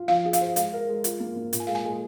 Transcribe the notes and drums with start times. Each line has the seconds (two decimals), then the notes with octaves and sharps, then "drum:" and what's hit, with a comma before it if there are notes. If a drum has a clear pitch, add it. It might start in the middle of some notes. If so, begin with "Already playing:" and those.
Already playing: F4
0.08 F3 F5
0.25 G#4
0.33 F5, drum: hi-hat
0.41 C5
0.56 G#3 F5, drum: hi-hat
0.73 A#4
0.89 G#3
1.04 F4, drum: hi-hat
1.20 A#3
1.36 A#3
1.53 A#2, drum: hi-hat
1.60 G#5
1.67 G#3 F5
1.75 G#5
1.84 G#3